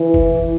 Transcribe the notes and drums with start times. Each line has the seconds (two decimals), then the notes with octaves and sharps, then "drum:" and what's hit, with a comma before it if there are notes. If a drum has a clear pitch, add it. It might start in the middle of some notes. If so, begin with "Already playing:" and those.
Already playing: E3
0.14 drum: kick F#1